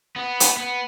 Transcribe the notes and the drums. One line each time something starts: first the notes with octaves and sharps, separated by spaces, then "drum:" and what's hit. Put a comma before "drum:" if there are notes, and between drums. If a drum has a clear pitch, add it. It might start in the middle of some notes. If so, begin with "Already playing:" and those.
B3
drum: hi-hat
B3